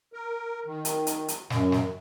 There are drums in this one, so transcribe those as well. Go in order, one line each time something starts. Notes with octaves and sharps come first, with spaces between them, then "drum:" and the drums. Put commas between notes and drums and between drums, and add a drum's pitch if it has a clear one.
A#4
D#3
drum: hi-hat
drum: hi-hat
drum: hi-hat
F#2, drum: snare
drum: snare